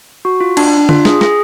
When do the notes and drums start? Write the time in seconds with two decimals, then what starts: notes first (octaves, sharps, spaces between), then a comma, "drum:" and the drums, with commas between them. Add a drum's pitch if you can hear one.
0.25 F#4
0.40 F4
0.57 D4, drum: cymbal
0.67 D4
0.78 D4
0.89 F4, drum: tom D3
1.05 G#4, drum: snare
1.21 G#4, drum: snare